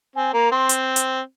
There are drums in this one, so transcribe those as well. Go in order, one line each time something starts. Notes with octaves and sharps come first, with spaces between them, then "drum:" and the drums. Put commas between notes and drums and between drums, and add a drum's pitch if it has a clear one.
C4 G#5
A#3 A#5
C4 C6
drum: hi-hat
drum: hi-hat